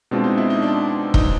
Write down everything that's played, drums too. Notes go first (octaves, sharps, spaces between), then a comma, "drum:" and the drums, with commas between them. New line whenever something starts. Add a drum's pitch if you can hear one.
B2 G#3 C4 D4 F4
D#4
E4
D#4
D4
D#4, drum: kick E1